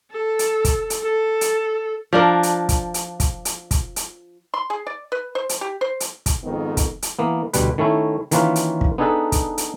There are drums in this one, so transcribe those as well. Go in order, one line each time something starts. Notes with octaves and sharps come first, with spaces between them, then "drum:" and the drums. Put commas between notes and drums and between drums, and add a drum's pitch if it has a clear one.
A4
drum: hi-hat
drum: kick, hi-hat
drum: hi-hat
A4
drum: hi-hat
F3 D4 A#4
drum: hi-hat
drum: kick, hi-hat
drum: hi-hat
drum: kick, hi-hat
drum: hi-hat
drum: kick, hi-hat
drum: hi-hat
C6
G#4
D5
B4
C5
drum: hi-hat
G4
C5
drum: hi-hat
drum: kick, hi-hat
F2 G#2 D#3 B3
drum: kick, hi-hat
drum: hi-hat
E3 A#3 B3
D2 B2 G3 B4, drum: hi-hat
D#3 A3 C#4 E4
D#3 E3 A#3 C#4 F4 B4, drum: hi-hat
drum: hi-hat
drum: kick
B3 D4 D#4 G#4 A4 B4
drum: kick, hi-hat
drum: hi-hat